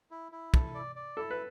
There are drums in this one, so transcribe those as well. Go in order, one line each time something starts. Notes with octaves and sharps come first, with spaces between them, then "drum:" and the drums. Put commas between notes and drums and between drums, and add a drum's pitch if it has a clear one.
E4
E4
A4, drum: kick
D5
D5
E4 A4
B4